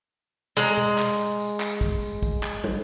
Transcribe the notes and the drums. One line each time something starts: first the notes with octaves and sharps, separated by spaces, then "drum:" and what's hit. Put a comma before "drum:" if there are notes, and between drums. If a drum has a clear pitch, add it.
G#3 A#5
drum: tom B2
drum: clap
drum: tambourine
drum: tambourine
drum: clap
drum: kick
drum: tambourine
drum: kick, tambourine
drum: clap
drum: tom